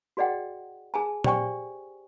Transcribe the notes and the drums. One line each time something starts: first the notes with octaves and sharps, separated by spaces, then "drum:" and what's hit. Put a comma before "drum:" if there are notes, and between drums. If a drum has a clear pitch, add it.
F#4 G#4 D5 D#5 F#5 G5
G#4 G#5 A5
G4 C5 D5 G5 G#5 C#6, drum: tom A#2